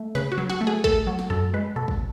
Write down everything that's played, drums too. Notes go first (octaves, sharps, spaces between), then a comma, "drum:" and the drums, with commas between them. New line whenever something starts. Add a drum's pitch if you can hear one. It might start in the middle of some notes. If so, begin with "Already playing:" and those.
Already playing: A3
C#3 B4, drum: snare
F#4
F#3
F#4
A3
G#4
A3 A4, drum: kick
F#3
drum: snare
F#2 A4
G#3 B4
B2 A4
drum: kick